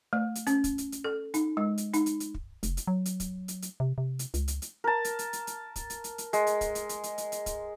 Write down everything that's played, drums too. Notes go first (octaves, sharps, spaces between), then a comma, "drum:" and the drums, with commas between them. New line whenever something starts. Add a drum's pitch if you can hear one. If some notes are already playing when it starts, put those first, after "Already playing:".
A3
drum: hi-hat
C#4, drum: hi-hat
drum: kick, hi-hat
drum: hi-hat
drum: hi-hat
A4
D#4, drum: hi-hat
G#3
drum: hi-hat
D#4, drum: hi-hat
drum: hi-hat
drum: hi-hat
drum: kick
F1, drum: hi-hat
drum: hi-hat
F#3
drum: hi-hat
drum: kick, hi-hat
drum: hi-hat
drum: hi-hat
C3
C3
drum: hi-hat
C#2, drum: hi-hat
drum: hi-hat
drum: hi-hat
A#4 A5
drum: hi-hat
drum: hi-hat
drum: hi-hat
drum: hi-hat
drum: kick, hi-hat
drum: hi-hat
drum: hi-hat
drum: hi-hat
G#3, drum: hi-hat
drum: hi-hat
drum: kick, hi-hat
drum: hi-hat
drum: hi-hat
drum: hi-hat
drum: hi-hat
drum: hi-hat
drum: kick, hi-hat